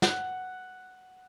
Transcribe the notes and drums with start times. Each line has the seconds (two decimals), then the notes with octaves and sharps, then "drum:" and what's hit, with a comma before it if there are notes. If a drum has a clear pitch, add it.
0.02 F#5, drum: snare